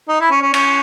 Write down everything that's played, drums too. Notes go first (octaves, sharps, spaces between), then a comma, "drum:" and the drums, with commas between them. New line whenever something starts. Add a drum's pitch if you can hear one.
D#4
E4
C#4
C#4
C#4, drum: cymbal